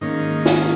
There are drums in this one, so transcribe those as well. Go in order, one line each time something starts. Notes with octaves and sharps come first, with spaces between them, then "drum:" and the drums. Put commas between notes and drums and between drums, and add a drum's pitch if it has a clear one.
G#2 D#3 A#3 C#4 D#4
drum: snare
F4